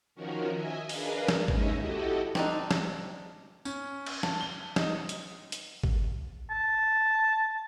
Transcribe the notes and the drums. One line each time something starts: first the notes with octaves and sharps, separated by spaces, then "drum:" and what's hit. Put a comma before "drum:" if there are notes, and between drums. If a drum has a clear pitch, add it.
D#3 F3 C#4 F#4 A#4
D#5 E5 G#5
D4 G#4 A#4 B4 D#5 F5, drum: open hi-hat
drum: snare
D#2 G#3 C#4 D#4 D#5 E5, drum: kick G#1
E4 F#4 G4 A4 D#5
C4 D4 D#4, drum: snare
drum: snare
C#4, drum: tambourine
drum: cymbal
A5, drum: snare
G7
D#4, drum: snare
drum: hi-hat
drum: hi-hat
drum: kick G#1
A5